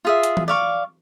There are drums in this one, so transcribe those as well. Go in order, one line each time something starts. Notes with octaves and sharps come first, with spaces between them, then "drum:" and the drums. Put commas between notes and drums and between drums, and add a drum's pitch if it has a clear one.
F4 G#4 E5
drum: hi-hat
drum: tom E3
D5 F5 C#6